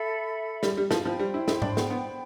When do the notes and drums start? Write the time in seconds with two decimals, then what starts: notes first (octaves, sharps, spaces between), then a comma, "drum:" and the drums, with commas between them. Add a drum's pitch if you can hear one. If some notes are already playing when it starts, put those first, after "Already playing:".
Already playing: A4 E5 B5
0.63 G3, drum: snare
0.77 G3
0.91 F3, drum: snare
1.05 F3 C5 G5 B5
1.19 G3
1.34 E4
1.48 E4, drum: snare
1.62 D4, drum: tom G#2
1.77 B3, drum: snare
1.90 B3